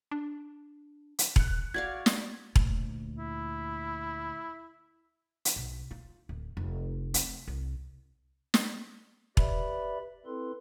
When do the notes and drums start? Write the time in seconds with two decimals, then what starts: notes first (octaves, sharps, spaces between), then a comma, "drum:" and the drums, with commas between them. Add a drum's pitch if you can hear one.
0.11 D4
1.19 drum: hi-hat
1.36 A#1 F#6 C#7, drum: kick E1
1.74 F#4 D5 F5 G#6
2.06 D5, drum: snare
2.56 D2 A#2, drum: kick E1
3.18 E4
5.45 drum: hi-hat
5.56 B1
5.91 F4
6.29 D1
6.57 F1
7.14 C4, drum: hi-hat
7.48 C2
8.54 drum: snare
9.37 G4 B4 D5 E5 B5, drum: kick E1
10.26 C4 E4 A4 B4 C6